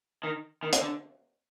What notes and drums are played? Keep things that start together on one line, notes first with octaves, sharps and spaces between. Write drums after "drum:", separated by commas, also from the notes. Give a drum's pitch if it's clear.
D#3
D#3
drum: hi-hat
D3